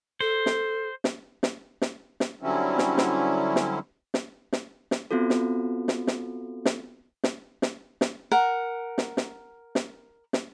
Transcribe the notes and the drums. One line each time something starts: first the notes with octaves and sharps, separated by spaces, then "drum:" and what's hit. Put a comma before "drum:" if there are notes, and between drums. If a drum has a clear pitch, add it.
A4 C5
drum: snare
drum: snare
drum: snare
drum: snare
drum: snare
D3 F#3 G3 C4 C#4 E4
drum: snare
drum: snare
drum: snare
drum: snare
drum: snare
drum: snare
B3 C4 F4 F#4 A4
drum: snare
drum: snare
drum: snare
drum: snare
drum: snare
drum: snare
drum: snare
A#4 F#5
drum: snare
drum: snare
drum: snare
drum: snare